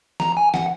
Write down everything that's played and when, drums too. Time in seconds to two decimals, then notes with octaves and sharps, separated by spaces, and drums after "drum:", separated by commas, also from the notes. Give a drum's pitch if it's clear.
0.20 A#5, drum: snare
0.37 G#5
0.54 F#5, drum: snare